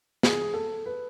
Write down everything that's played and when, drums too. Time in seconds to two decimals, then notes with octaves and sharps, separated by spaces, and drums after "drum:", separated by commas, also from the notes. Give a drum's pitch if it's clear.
0.23 G#4, drum: snare
0.54 A4
0.86 B4